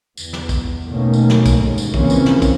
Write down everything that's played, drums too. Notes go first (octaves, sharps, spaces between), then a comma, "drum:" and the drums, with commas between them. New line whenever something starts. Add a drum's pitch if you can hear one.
E2, drum: tambourine
drum: snare
drum: kick, tambourine
B2 D#3 A3 A#3 C#4
drum: tambourine
drum: snare
drum: kick, tambourine
D#2 G#2
drum: tambourine
C#3 E3 F3 A#3 C4 C#4, drum: kick
drum: tambourine
drum: snare
drum: kick, tambourine